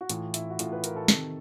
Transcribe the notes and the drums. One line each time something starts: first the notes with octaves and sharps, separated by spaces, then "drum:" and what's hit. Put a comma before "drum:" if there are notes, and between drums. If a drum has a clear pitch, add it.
F#4
A2 E3 F4, drum: hi-hat
E4, drum: hi-hat
F#4
A2 E3 F4, drum: hi-hat
B4
A#4, drum: hi-hat
A4
C3 D#3, drum: snare